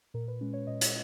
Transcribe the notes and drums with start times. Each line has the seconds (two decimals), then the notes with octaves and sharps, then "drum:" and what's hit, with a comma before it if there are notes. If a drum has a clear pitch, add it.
0.14 A#2 A#4
0.28 B4
0.41 G#3 C#4
0.53 C#5
0.67 A#2 D#5
0.81 drum: hi-hat